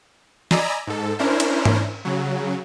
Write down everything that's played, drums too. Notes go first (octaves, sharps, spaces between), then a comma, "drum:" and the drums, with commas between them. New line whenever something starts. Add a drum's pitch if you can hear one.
D5 D#5 G#5 A#5 B5 E6, drum: snare
G#2 A4
C#4 D4 E4 A#4 C5
drum: cymbal
drum: tom G#2
C#3 F#3